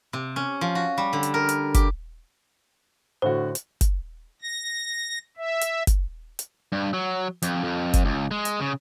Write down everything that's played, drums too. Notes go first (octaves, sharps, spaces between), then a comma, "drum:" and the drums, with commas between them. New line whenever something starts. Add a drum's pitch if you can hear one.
C3
C#4
F3
F#4
G3
D3
drum: hi-hat
A#4
drum: hi-hat
G4, drum: kick, hi-hat
A2 D3 F#4 C5
drum: hi-hat
drum: kick, hi-hat
A#6
E5
drum: hi-hat
drum: kick, hi-hat
drum: hi-hat
G2
F#3
F2, drum: hi-hat
F2
drum: kick, hi-hat
C#2
G#3
drum: hi-hat
C#3